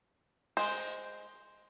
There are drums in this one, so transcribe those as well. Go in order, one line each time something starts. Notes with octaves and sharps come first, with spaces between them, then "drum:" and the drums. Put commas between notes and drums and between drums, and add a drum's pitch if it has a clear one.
G#3 C5, drum: open hi-hat